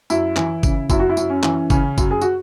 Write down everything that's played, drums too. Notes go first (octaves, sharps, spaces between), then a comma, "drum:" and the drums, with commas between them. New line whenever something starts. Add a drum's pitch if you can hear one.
F#2 E4, drum: tambourine
E3, drum: clap
C#3, drum: kick G1, tambourine
F#2 E4, drum: kick G1, tambourine
F#4
E4
F#2, drum: tambourine
C#4
E3, drum: clap
C#3 C#4, drum: kick G1, tambourine
F#2, drum: kick G1, tambourine
G#4
F#4, drum: tambourine